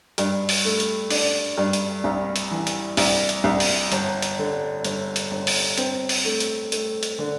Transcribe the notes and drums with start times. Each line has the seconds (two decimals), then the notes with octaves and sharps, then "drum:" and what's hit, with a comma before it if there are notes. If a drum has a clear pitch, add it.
0.18 G2, drum: hi-hat
0.49 drum: open hi-hat
0.65 A3
0.80 drum: hi-hat
1.10 D4, drum: open hi-hat
1.57 G2
1.73 drum: hi-hat
2.04 C2
2.36 drum: hi-hat
2.51 E3
2.67 drum: hi-hat
2.97 C2, drum: open hi-hat
3.29 drum: hi-hat
3.44 C2
3.60 drum: open hi-hat
3.92 G1, drum: hi-hat
4.22 drum: hi-hat
4.39 D3
4.84 G1, drum: hi-hat
5.16 drum: hi-hat
5.31 G1
5.47 drum: open hi-hat
5.78 C4, drum: hi-hat
6.09 drum: open hi-hat
6.25 A3
6.40 drum: hi-hat
6.72 A3, drum: hi-hat
7.03 drum: hi-hat
7.19 D3